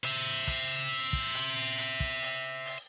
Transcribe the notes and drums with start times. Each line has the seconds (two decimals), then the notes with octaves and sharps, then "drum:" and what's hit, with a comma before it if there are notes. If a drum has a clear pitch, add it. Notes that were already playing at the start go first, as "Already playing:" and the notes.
0.04 C5 E5, drum: hi-hat
0.47 drum: kick, hi-hat
1.13 drum: kick
1.35 drum: hi-hat
1.78 drum: hi-hat
2.00 drum: kick
2.22 drum: open hi-hat
2.66 drum: open hi-hat